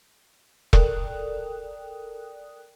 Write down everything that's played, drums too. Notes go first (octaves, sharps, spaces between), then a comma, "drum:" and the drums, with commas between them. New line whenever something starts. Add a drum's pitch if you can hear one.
A4 A#4 D5 G5 D#6 F#6, drum: kick E1